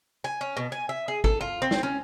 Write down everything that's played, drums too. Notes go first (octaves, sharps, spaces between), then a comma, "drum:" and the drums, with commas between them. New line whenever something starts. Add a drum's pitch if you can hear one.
G#5
C#4
B2
G#5
E5
G#4
A4, drum: kick G#1
F4
C4
drum: snare
C#4